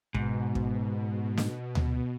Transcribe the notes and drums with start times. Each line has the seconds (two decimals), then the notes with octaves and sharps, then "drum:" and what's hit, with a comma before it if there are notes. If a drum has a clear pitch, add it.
0.14 G#2 B2, drum: kick
0.55 drum: kick
1.37 drum: snare
1.75 drum: tom D2